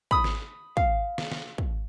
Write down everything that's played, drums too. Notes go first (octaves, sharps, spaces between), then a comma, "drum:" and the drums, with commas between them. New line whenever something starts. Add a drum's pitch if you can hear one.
B5 D#6, drum: kick
drum: snare
F5, drum: kick
drum: snare
drum: snare
drum: kick